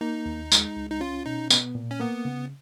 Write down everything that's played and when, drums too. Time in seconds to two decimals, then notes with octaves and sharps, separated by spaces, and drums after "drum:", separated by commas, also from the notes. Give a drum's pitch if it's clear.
0.01 A#3 D#4
0.26 D#2
0.52 G#3, drum: tambourine
0.76 C#2
0.90 D#4
1.01 C#4 F4
1.26 B2 D#4
1.50 B3, drum: tambourine
1.75 A#2
1.91 C#4
2.00 A#3 B3
2.25 C#3